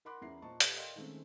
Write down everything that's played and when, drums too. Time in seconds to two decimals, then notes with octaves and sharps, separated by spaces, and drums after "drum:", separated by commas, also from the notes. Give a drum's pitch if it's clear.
0.05 A#4 F#5 B5 C6 D6 F#6
0.21 E2 C#4 E4 E5 A#5 C7
0.42 A#2 C5 D#5 A5 C#6
0.60 G4 A4 B4 D#5, drum: hi-hat
0.77 A#4 D5 D#5 F5 G5 C6
0.96 D#3 G#3 A3 C4 C#4